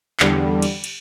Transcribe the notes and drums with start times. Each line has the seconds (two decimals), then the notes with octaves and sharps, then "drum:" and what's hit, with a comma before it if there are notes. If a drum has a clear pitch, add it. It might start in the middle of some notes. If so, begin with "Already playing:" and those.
0.20 E2 D3 G3, drum: clap
0.62 drum: cymbal
0.84 drum: cymbal